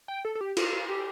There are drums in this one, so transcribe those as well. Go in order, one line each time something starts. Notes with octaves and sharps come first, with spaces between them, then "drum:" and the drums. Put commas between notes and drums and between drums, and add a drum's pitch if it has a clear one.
G5
A4
A4
G4
F4, drum: cymbal
F4
G4